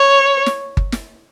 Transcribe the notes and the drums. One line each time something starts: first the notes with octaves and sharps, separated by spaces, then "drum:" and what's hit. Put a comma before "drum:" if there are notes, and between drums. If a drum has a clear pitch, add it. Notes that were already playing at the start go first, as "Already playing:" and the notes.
Already playing: C#5
drum: snare
drum: kick G1
drum: snare